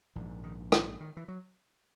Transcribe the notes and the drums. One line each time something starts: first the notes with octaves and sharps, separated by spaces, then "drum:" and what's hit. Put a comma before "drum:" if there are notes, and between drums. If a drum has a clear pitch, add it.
A#1 G#2 E3
D#3
D#3, drum: rim click
D#3
E3
F#3